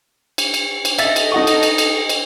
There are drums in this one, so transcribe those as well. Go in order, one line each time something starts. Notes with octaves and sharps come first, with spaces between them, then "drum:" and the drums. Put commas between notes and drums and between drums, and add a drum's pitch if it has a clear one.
drum: cymbal
drum: cymbal
drum: cymbal
A4 D#5 E5 A6, drum: cymbal
drum: cymbal
D#4 F#5 C#6
drum: cymbal
drum: cymbal
drum: cymbal
drum: cymbal